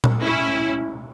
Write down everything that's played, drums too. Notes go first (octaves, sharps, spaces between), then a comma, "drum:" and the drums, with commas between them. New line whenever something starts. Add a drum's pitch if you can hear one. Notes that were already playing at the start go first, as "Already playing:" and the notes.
drum: tom A#2
C#4 E4